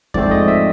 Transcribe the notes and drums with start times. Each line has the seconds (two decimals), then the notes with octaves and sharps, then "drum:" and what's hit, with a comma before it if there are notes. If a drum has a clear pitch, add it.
0.14 G#2 F3 A3 C4 D5, drum: kick E2
0.31 D#5
0.48 E5